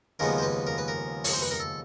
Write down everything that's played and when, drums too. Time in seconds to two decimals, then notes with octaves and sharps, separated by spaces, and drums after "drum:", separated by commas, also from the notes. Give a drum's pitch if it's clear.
0.19 D#2 C#3 F3 G#3 B3 A#4
0.38 C5
0.43 B4
0.67 A#4
0.78 B4
0.88 A#4
1.24 C#5, drum: open hi-hat
1.33 C5
1.42 B4
1.51 A#4
1.60 A4